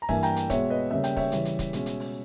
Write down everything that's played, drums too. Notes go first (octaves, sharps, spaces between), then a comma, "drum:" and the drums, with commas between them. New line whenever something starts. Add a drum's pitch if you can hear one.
A#5
G2 E3 A#3 E5 G#5, drum: kick C#1, open hi-hat
G5 A#5, drum: hi-hat
drum: hi-hat
B2 G#3 B3 C#5 E5, drum: kick C#1, hi-hat
B4 D#5
C#3 G3 A#3 C#4 E5
G5, drum: hi-hat
C#5 E5, drum: kick C#1, open hi-hat
C#3 E3 G3, drum: hi-hat
drum: hi-hat
drum: kick C#1, hi-hat
B2 G#3 C#4, drum: hi-hat
drum: hi-hat
drum: open hi-hat